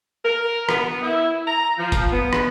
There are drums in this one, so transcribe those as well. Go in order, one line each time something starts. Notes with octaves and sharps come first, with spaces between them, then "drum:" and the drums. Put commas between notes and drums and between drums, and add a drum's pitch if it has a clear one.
A#4
B3, drum: rim click
E4
A#5
F3
drum: kick, hi-hat
B3
drum: rim click